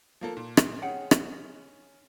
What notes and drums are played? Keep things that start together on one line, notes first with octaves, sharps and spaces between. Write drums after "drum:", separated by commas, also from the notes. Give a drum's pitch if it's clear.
F3 A#3 A4
A#2
drum: rim click
C#4 G#4 F#5 G5
drum: rim click